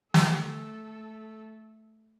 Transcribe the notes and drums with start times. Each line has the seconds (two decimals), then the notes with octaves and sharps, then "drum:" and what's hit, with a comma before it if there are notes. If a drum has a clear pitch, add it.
0.14 A3 A4, drum: snare